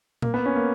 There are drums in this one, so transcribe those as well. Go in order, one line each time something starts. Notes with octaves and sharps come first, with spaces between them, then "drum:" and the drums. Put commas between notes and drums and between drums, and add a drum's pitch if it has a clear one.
A#3, drum: tom A#2
B3
C#4
A#3